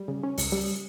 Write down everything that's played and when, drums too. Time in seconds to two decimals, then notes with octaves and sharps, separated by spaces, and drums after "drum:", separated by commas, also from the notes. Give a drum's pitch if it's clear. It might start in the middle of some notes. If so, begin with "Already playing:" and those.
Already playing: G3
0.08 C#3
0.23 C#4
0.38 C#2, drum: open hi-hat
0.52 G3